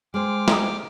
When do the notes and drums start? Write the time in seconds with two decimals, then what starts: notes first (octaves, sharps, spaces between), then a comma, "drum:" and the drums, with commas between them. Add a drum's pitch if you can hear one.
0.14 G#3 C5 G5 D6 F6
0.48 C3 D#4, drum: snare